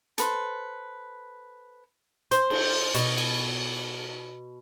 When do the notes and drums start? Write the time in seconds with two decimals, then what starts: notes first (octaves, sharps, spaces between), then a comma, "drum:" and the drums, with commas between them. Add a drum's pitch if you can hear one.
0.18 A4 B4 C5, drum: hi-hat
2.31 C5, drum: hi-hat
2.50 drum: cymbal
2.94 B2, drum: hi-hat
3.18 drum: cymbal